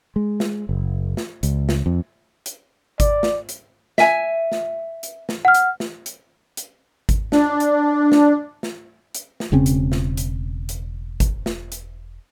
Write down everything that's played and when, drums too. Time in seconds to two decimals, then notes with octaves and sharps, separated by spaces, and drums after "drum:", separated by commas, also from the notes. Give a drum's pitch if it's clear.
0.16 G#3
0.40 drum: snare
0.69 F#1
1.17 drum: snare
1.43 C#2, drum: hi-hat
1.69 drum: snare
1.86 F2
2.46 drum: hi-hat
3.00 D5, drum: kick G#1, hi-hat
3.23 drum: snare
3.49 drum: hi-hat
3.98 E5 G#5, drum: snare
4.52 drum: snare
5.03 drum: hi-hat
5.29 drum: snare
5.45 F#5 F6
5.54 drum: hi-hat
5.80 drum: snare
6.06 drum: hi-hat
6.57 drum: hi-hat
7.09 drum: kick G#1, hi-hat
7.32 D4, drum: snare
7.60 drum: hi-hat
8.12 drum: snare
8.63 drum: snare
9.15 drum: hi-hat
9.40 drum: snare
9.52 E1 C#3 C4 C#4
9.66 drum: hi-hat
9.92 drum: snare
10.17 drum: hi-hat
10.69 drum: hi-hat
11.20 drum: kick G#1, hi-hat
11.46 drum: snare
11.72 drum: hi-hat